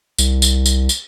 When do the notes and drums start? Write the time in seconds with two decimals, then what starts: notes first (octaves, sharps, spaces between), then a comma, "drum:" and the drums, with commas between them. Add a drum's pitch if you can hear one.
0.18 C2, drum: tambourine
0.42 drum: tambourine
0.66 drum: tambourine
0.89 drum: tambourine